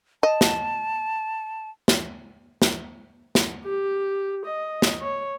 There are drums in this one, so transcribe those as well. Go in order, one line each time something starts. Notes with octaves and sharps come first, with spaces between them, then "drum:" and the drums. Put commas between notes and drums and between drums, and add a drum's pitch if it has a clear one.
D#5 A5
drum: snare
drum: snare
drum: snare
drum: snare
G4
D#5
drum: snare
C#5